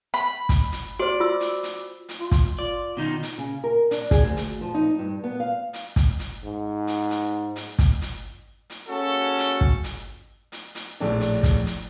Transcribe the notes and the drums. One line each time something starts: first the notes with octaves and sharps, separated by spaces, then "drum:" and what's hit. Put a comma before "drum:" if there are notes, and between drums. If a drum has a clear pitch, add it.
B5
drum: kick, hi-hat
drum: hi-hat
F#4 C5 D5
F4 E6
drum: hi-hat
drum: hi-hat
drum: hi-hat
F4
drum: kick, hi-hat
F4 D5
B2 D#3 D#4
drum: hi-hat
C#3
A#4
D4, drum: hi-hat
G#4, drum: kick, hi-hat
D2
drum: hi-hat
F3
D#4
G2
B3
F5
drum: hi-hat
drum: kick, hi-hat
drum: hi-hat
G#2
drum: hi-hat
drum: hi-hat
drum: hi-hat
drum: kick, hi-hat
drum: hi-hat
drum: hi-hat
A#3 C#4 F#4 G#4 A4
drum: hi-hat
drum: kick
drum: hi-hat
drum: hi-hat
drum: hi-hat
A#1 A2 D4
drum: hi-hat
drum: kick, hi-hat
drum: hi-hat